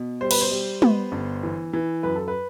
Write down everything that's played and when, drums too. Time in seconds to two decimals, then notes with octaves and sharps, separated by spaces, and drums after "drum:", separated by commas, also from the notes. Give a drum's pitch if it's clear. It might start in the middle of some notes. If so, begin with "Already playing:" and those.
Already playing: B2
0.21 G3 C5
0.31 B4, drum: cymbal
0.41 C5
0.51 G3
0.82 B3, drum: tom
1.12 G1
1.43 E3
1.73 E3
2.03 F#2 B4
2.16 A4
2.28 B4